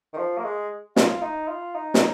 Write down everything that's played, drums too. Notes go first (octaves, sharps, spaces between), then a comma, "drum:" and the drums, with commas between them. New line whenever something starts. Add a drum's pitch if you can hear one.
D#3
F3
A#3
G#3
F4, drum: snare
D#4
F4
D#4
drum: snare